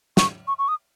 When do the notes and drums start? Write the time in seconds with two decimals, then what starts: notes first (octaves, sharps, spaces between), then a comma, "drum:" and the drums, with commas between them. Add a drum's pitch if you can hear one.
0.17 C#6, drum: snare
0.47 C#6
0.58 C#6
0.68 D#6